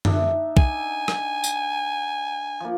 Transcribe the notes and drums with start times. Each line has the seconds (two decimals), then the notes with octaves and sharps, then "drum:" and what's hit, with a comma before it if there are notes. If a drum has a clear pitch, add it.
0.05 D4 D#4 E5, drum: tom F#2
0.57 G#5, drum: kick
1.08 drum: rim click
1.44 drum: tambourine
2.60 F3 A#3